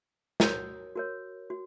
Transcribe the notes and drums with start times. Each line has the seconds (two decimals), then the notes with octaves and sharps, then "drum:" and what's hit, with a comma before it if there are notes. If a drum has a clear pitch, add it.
0.40 F#4 A#4 C#5 D#6, drum: snare
0.96 F#4 A#4 C#5
1.50 F#4